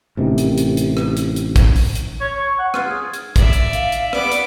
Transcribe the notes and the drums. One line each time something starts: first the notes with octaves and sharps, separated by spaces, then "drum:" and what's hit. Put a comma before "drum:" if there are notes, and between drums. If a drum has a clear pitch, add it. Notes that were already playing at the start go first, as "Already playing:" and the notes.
A1 C3 D#3
drum: hi-hat
drum: hi-hat
drum: hi-hat
drum: rim click
drum: hi-hat
drum: hi-hat
drum: kick, hi-hat
drum: open hi-hat
drum: hi-hat
C#5
C#6
F#5
F4, drum: rim click
G#4
drum: hi-hat
D5 E5, drum: kick, hi-hat
drum: hi-hat
F5, drum: hi-hat
drum: hi-hat
B3 D5 D6, drum: rim click
drum: hi-hat